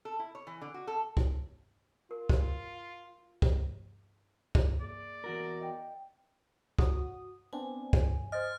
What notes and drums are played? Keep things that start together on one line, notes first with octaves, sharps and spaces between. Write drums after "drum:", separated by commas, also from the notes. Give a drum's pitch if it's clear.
A4
E4
C#5
E3
D3
F#4
A4
drum: kick
F4 A#4
drum: kick
drum: kick
drum: kick
A#3 G#4 D5
E2 F#4 A#4
D#5 G5
F#4 D#6, drum: kick
B3 C4 D4 G#5
drum: kick
C5 D#5 F6 A6